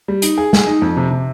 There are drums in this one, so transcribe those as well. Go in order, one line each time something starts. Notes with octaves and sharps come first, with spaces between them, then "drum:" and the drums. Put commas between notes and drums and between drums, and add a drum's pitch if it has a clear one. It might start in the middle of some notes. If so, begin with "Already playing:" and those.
G3
D#4, drum: hi-hat
G#4
G#4, drum: snare
D#4
F2
C3
C3